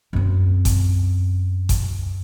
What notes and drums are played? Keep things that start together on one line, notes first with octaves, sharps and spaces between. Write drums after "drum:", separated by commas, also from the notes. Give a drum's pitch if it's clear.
F#2 C4
drum: kick G1, hi-hat
drum: kick G1, hi-hat